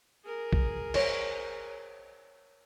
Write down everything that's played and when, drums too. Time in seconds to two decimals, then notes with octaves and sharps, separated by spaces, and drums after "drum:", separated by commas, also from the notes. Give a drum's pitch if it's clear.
0.24 G#4 A#4
0.53 drum: kick B1
0.94 C5 C#5, drum: cymbal